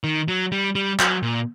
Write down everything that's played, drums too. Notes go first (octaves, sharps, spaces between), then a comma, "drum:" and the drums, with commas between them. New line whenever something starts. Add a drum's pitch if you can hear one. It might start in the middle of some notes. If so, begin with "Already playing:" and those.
D#3
F#3
G3
G3
F#3, drum: clap
A#2